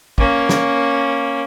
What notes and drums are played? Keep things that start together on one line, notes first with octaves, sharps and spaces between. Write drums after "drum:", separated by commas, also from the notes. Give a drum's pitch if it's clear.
A#3 C#4, drum: kick
drum: snare